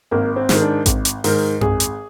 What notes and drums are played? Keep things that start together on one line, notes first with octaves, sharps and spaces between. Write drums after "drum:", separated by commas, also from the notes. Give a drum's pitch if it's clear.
G#1 A#3
C4
G#2 D#3, drum: snare
D4
G#1, drum: kick A1, hi-hat
drum: hi-hat
G#2 D#3 A#4, drum: open hi-hat
G#1 G#4, drum: tom F#2
drum: hi-hat